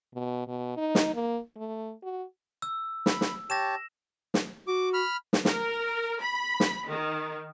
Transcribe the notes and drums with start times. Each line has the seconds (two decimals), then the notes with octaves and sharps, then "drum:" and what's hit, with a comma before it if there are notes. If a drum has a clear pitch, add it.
0.14 B2
0.48 B2
0.77 D#4
0.95 drum: snare
1.14 A#3
1.56 A3
2.03 F#4
2.62 E6
3.06 B5, drum: snare
3.21 drum: snare
3.50 G4 C#5 A5 A#6 E7
4.34 drum: snare
4.68 F#4 D6
4.94 B5 F6
5.33 drum: snare
5.45 A#4, drum: snare
6.21 B5
6.60 drum: snare
6.88 D#3